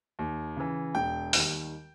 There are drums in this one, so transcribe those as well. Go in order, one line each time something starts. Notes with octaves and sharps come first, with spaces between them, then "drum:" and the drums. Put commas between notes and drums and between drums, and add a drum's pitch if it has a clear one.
D#2
C#3 E3
E1 G5
D#2 D#3 G3, drum: open hi-hat